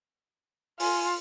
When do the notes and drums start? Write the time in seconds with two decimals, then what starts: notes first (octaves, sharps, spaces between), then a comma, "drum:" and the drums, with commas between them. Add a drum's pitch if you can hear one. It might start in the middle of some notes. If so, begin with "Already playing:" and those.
0.80 F4 G#5, drum: open hi-hat